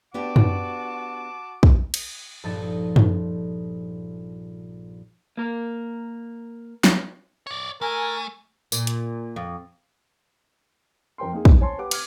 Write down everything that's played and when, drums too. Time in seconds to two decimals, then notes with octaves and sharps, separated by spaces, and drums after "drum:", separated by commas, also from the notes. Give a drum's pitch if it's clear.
0.14 B3 D4 F#4 G4 A5 D6
0.36 drum: tom F#2
1.63 drum: kick
1.94 drum: cymbal
2.43 A#1 G2 F3 D#4 A4 A6
2.96 drum: tom F#2
5.37 A#3 A#4
6.84 drum: snare
7.47 C#5 D5
7.81 A3 A#4 G#5
8.72 A#2, drum: tambourine
8.87 drum: hi-hat
9.36 F2
11.18 F2 A#4 G5 C6
11.33 A#3 D#4 G#4
11.45 D#4, drum: kick
11.60 C5 C#5 G#5 A5 C6
11.78 G4 B4 F#5 D6
11.91 D6 F6 G#6, drum: cymbal